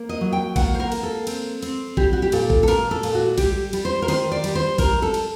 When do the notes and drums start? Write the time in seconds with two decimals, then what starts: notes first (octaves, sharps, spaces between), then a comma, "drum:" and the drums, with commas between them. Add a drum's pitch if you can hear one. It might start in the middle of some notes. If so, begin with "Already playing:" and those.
Already playing: A#3
0.09 D#5
0.21 F#3
0.33 G5
0.56 A#3 F#5, drum: kick A1, cymbal
0.75 C5
0.80 A#4
0.92 A#3, drum: cymbal
1.03 A4
1.27 C4, drum: cymbal
1.62 C4, drum: cymbal
1.97 G3 G4, drum: kick A1
2.13 F#4
2.22 G4
2.32 A#2 A4, drum: cymbal
2.50 drum: kick A1
2.63 A4
2.68 A#2 A#4, drum: cymbal
2.91 A4
3.03 A#2, drum: cymbal
3.15 F#4
3.38 G3 G4, drum: kick A1, cymbal
3.73 G3, drum: cymbal
3.85 C5
4.02 A#4
4.08 D#3 C5, drum: cymbal
4.32 D5
4.44 G3, drum: cymbal
4.55 C5
4.78 G3 A#4, drum: kick A1, cymbal
5.02 A4
5.14 drum: cymbal